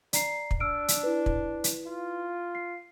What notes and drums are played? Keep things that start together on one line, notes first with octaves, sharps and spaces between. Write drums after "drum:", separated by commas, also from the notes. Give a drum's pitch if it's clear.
D5 A#5 C7, drum: hi-hat
drum: kick
D4 E6 F6 D7
drum: hi-hat
E4 B4
drum: kick
drum: hi-hat
F4
C7